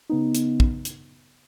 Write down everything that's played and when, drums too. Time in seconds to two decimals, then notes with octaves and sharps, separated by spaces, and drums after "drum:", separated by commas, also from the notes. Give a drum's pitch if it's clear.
0.09 C#3 B3 D#4
0.35 drum: hi-hat
0.60 drum: kick
0.85 drum: hi-hat